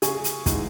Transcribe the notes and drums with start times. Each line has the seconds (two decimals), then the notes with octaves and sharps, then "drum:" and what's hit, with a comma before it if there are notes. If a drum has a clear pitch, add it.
0.02 C#3 G#4, drum: hi-hat
0.24 drum: hi-hat
0.46 E3 G#3 D#4 F#4, drum: kick, hi-hat